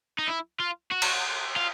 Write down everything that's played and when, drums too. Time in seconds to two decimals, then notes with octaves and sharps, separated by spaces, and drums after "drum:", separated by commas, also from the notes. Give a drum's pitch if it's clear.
0.19 D#4
0.28 E4
0.60 F4
0.92 F#4
1.02 drum: cymbal
1.56 F4